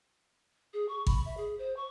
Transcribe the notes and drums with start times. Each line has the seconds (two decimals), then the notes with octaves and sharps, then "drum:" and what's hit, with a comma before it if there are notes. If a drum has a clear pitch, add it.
0.73 G#4
0.88 C#6
1.07 B5, drum: kick G#1
1.25 E5
1.37 G#4
1.58 C5
1.76 C#6